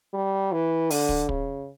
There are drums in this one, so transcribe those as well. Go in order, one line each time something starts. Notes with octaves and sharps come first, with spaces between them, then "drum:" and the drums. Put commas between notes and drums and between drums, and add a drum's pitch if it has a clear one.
G3
E3
D3, drum: open hi-hat
drum: kick
C#3, drum: kick